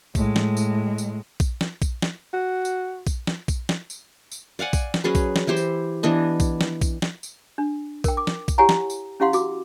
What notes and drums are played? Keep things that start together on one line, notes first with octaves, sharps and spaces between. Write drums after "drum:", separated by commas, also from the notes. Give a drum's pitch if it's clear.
A2 G#3, drum: kick A#1, tambourine
drum: snare
drum: tambourine
drum: tambourine
drum: kick A#1, tambourine
drum: snare
drum: kick A#1, tambourine
drum: snare
F#4
drum: tambourine
drum: kick A#1, tambourine
drum: snare
drum: kick A#1, tambourine
drum: snare
drum: tambourine
drum: tambourine
D5 F5 F#5 G#5
drum: kick A#1, tambourine
drum: snare
F#3 C#4 G#4 B4
drum: kick A#1, tambourine
drum: snare
E3 E4 G4 C5
drum: tambourine
E3 B3 D4 D#5
drum: kick A#1, tambourine
drum: snare
drum: kick A#1, tambourine
drum: snare
drum: tambourine
D4
A#4 G5, drum: kick A#1, tambourine
D6
drum: snare
drum: kick A#1, tambourine
E4 G4 C#5 F#5 G#5 A#5
drum: snare
drum: tambourine
C#4 E4 G4 F5 F#5 C6
F#4 D6, drum: tambourine